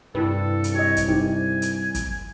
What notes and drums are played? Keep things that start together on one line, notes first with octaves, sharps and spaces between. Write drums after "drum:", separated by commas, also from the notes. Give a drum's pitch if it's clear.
C2 G2 E4 G4 A4 B4
drum: hi-hat
G4 C#5 D#5
drum: kick, hi-hat
D#4 G4 C5 G#5
drum: hi-hat
drum: kick, hi-hat